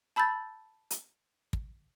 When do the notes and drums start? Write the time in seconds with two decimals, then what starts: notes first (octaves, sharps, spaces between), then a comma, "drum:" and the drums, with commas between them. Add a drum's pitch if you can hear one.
0.16 A5 B5 E6 G6 A6
0.90 drum: hi-hat
1.53 drum: kick